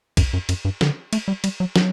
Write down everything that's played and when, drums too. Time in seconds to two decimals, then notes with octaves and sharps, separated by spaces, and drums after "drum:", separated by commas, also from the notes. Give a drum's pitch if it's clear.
0.17 F#2, drum: kick B1, cymbal
0.33 F#2
0.49 F#2, drum: cymbal
0.65 G2
0.81 D3, drum: snare
1.13 A3, drum: cymbal
1.28 G3
1.44 G3, drum: cymbal
1.60 F#3
1.76 F#3, drum: snare